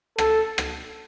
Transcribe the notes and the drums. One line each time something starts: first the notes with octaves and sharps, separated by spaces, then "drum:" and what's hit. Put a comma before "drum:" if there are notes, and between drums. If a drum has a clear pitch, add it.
A4, drum: rim click
drum: rim click